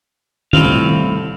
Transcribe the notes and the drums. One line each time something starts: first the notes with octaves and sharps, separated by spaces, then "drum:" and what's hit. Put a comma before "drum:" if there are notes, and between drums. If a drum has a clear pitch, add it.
C2 A2 C4 F5, drum: tom D#3